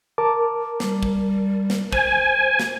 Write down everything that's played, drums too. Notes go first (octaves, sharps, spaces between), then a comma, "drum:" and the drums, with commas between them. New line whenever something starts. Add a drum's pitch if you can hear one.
A#4 A5 D6
G3, drum: snare
drum: kick
drum: snare
C5 G#5, drum: kick
drum: snare